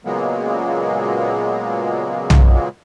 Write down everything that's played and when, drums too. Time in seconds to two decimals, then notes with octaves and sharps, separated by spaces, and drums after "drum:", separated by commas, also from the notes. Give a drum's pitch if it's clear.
0.05 A#2 C#3 F#3 G#3 A#3 B3
2.30 drum: tom B1